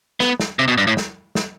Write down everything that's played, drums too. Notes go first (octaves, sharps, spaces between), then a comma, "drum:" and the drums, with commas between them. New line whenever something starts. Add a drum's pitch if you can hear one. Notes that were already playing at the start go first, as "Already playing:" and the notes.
B3, drum: snare
drum: snare
C3
B2
G2
A2
drum: snare
drum: snare